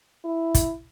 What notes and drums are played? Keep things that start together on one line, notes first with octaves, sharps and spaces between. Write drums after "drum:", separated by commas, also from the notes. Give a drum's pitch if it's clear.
E4
drum: kick, hi-hat